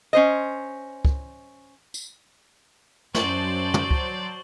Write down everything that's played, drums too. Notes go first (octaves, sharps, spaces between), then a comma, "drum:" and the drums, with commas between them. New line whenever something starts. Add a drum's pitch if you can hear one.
C#4 C5 D#5
drum: kick
drum: tambourine
F#2 F#3 C5 D5 A5 C#6 F#7 G7, drum: snare
drum: tom
drum: kick